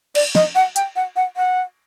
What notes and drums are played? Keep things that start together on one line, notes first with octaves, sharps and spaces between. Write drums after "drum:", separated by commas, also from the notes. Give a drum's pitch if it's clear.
D5, drum: cymbal
D#5, drum: snare
F#5
G5, drum: hi-hat
F#5
F#5
F#5